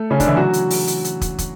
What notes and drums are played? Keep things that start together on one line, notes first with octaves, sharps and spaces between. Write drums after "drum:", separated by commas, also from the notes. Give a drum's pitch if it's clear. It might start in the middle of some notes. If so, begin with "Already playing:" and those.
Already playing: A3 A4
C#3 C#4
D3 D4, drum: kick, hi-hat
E3 E4
F#3 F#4
drum: hi-hat
drum: open hi-hat
drum: hi-hat
drum: hi-hat
drum: kick, hi-hat
drum: kick, hi-hat